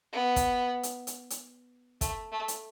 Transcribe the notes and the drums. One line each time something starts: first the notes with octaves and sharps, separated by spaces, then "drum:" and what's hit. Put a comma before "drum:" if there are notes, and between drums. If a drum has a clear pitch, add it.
B3
drum: kick, hi-hat
drum: hi-hat
drum: hi-hat
drum: hi-hat
A3, drum: kick, hi-hat
A3
drum: hi-hat